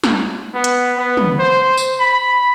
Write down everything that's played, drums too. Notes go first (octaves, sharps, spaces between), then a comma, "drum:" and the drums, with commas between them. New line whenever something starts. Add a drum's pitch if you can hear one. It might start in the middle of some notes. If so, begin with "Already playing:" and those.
drum: snare
B3
drum: hi-hat
B3
drum: tom
C5
drum: tambourine
B5